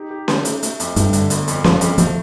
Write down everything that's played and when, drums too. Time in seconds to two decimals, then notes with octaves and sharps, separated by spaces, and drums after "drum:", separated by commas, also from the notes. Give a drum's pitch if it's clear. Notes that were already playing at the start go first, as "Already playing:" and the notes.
Already playing: D#4 G4
0.11 G4
0.28 G4, drum: snare C#4
0.45 A3, drum: hi-hat
0.63 A3, drum: hi-hat
0.80 F2, drum: hi-hat
0.96 G2 A3, drum: hi-hat
1.13 D3, drum: hi-hat
1.30 G1, drum: hi-hat
1.48 F2, drum: hi-hat
1.64 G1 F3, drum: snare C#4
1.81 F2, drum: hi-hat
1.98 F3 A3, drum: hi-hat